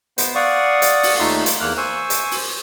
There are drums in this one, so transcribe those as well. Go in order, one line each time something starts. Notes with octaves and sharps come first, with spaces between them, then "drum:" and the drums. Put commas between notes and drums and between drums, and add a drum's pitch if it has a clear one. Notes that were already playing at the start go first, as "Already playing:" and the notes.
B3 C5, drum: hi-hat
D5 F5 F#5 C#6 D#6
drum: hi-hat
drum: open hi-hat
D#2 A3 D#4 F4 E5 C6
drum: hi-hat
E2 A#3 F6 F#6
C5 G#5 C#6 E6
drum: hi-hat
drum: open hi-hat